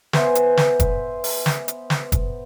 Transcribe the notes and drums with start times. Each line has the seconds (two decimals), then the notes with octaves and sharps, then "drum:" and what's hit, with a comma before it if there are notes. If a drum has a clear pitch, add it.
0.13 B3 C5 E5 G#5, drum: snare
0.35 drum: hi-hat
0.57 drum: snare
0.80 drum: kick, hi-hat
1.24 drum: open hi-hat
1.46 drum: snare
1.68 drum: hi-hat
1.90 drum: snare
2.12 drum: kick, hi-hat